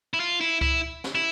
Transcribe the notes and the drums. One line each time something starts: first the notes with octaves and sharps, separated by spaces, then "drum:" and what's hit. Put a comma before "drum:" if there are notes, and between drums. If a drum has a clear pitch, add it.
E4
F4
E4
E4, drum: kick C#2
drum: snare
E4